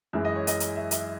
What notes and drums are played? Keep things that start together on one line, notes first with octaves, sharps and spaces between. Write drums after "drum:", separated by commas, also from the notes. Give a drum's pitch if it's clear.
F#2 E3 G#3 E5
D#5
C#5
D#5, drum: hi-hat
drum: hi-hat
E5
E5, drum: hi-hat